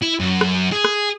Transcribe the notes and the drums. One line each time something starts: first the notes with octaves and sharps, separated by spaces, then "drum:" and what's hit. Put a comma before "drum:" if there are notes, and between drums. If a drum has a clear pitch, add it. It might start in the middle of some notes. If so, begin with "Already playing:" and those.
E4
F#2
drum: rim click
G#4
drum: rim click